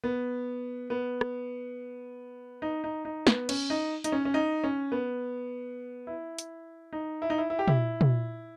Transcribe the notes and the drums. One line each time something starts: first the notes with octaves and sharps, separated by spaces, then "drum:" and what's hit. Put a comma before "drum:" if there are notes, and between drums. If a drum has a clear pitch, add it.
B3
B3
drum: rim click
D#4
D#4
D#4
B3, drum: snare
C#4, drum: cymbal
D#4
D#4, drum: hi-hat
C#4
C#4
D#4
C#4
B3
E4
drum: hi-hat
D#4
E4
D#4
E4
E4
G4
E4, drum: tom
drum: tom